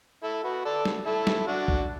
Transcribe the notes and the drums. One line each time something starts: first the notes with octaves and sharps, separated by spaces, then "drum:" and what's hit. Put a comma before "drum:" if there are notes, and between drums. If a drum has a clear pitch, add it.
E4 A4
F#4 B4
A4 D5
drum: snare
E4 A4
drum: snare
D4 F#4
drum: kick